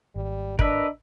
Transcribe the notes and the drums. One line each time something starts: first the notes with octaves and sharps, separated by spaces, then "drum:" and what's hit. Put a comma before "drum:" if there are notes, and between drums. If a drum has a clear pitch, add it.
G#1 G3
D4 A#4 B4 D#5 E5, drum: kick